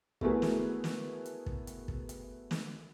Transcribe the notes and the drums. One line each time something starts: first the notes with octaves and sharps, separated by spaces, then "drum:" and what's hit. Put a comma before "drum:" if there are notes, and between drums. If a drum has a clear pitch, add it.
A3 B3 E4 F#4 G#4 A#4, drum: kick
drum: snare
drum: snare
drum: hi-hat
drum: kick
drum: hi-hat
drum: kick
drum: hi-hat
drum: snare